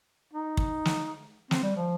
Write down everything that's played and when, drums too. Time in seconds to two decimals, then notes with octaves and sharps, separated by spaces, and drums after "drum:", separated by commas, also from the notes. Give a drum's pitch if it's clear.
0.33 D#4
0.57 drum: kick
0.85 drum: snare
1.51 C4, drum: snare
1.63 G3
1.77 F3